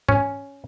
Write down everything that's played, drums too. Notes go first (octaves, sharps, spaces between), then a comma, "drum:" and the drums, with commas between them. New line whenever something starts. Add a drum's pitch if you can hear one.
C#4, drum: tom